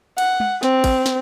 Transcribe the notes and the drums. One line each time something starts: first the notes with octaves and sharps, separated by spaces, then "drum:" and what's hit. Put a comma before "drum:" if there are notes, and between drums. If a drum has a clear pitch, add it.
F#5, drum: cymbal
drum: tom
C4, drum: snare
drum: kick, cymbal
drum: snare